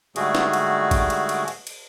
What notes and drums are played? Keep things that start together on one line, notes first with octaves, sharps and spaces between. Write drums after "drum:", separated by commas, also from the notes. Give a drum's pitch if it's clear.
G#2 D3 G3 A3 F#4 G#4, drum: cymbal
drum: snare
drum: cymbal
drum: kick, cymbal
drum: cymbal
drum: cymbal
drum: cymbal
drum: cymbal